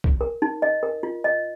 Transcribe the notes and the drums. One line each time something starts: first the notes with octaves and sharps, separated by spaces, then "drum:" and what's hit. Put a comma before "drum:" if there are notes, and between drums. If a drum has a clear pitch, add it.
drum: kick B1
A#4
D#4
D#5
A#4
F4
D#5